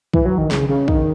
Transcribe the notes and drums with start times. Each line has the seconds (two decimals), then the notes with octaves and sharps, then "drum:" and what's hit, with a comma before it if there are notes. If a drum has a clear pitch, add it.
0.13 E3, drum: kick
0.25 F#3
0.38 D#3
0.51 C#3, drum: snare
0.69 C#3
0.88 D#3, drum: kick